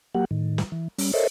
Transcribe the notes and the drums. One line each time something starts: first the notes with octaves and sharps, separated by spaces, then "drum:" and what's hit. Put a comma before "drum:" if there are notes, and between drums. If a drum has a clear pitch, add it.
F#3 A#3 G4 F#5
A2 D#3
drum: snare
E3
G3 C#4, drum: open hi-hat
A4 A#4 C5 C#5 D#5 E5